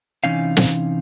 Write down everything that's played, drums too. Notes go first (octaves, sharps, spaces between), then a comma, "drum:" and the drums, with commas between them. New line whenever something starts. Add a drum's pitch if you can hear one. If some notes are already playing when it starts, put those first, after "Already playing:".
C3 E3 C#4 D#4 F5
drum: snare